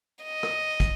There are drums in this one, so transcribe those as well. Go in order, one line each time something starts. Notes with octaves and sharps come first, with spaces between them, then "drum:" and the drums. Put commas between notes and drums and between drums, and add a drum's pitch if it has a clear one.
D#5
drum: rim click
drum: kick, hi-hat